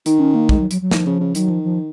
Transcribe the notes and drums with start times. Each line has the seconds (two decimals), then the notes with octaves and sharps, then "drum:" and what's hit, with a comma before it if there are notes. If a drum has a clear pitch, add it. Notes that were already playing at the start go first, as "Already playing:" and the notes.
0.06 D#3 D#4, drum: hi-hat
0.20 C#4
0.35 A#3
0.49 G#3, drum: kick
0.60 F#3
0.71 F#3, drum: hi-hat
0.82 F#3
0.91 D#3 F3, drum: snare
1.06 C#3
1.20 C#3
1.35 D#3 F#3, drum: hi-hat
1.50 F3
1.64 F3